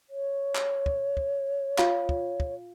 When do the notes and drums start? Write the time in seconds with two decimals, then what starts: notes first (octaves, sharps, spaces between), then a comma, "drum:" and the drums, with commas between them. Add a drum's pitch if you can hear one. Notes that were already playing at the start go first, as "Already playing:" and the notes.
0.10 C#5
0.55 drum: clap
0.86 drum: kick
1.17 drum: kick
1.78 F4 F5, drum: clap
2.09 drum: kick
2.40 drum: kick